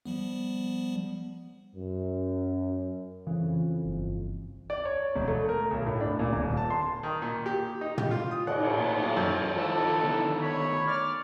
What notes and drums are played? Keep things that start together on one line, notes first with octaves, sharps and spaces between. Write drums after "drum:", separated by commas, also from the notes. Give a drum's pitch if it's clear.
F3 G3 B3
F#2
F2 C#3 E3
G1
D5
C#5
E1
A3
A#4
B1
A2
D4
A#2
D#1
A5
C6
D#3
A#2
G4
D#4
G4, drum: tom
F4
D#6
F#5, drum: cymbal
A1
A#2
B1
F#2
D#3 F3 E4 A4 A5
D3 D#3 A3 B3
C#5 B5
D5 F6